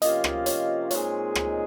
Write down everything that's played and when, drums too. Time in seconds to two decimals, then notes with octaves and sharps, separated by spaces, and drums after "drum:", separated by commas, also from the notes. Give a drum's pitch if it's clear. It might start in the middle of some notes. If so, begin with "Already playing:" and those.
0.02 C3 F3 A#3 C#4 F4 D#5, drum: hi-hat
0.24 drum: rim click
0.46 C#5, drum: hi-hat
0.91 A#2 G#3 C4 D#4 G#4 C#5, drum: hi-hat
1.35 drum: rim click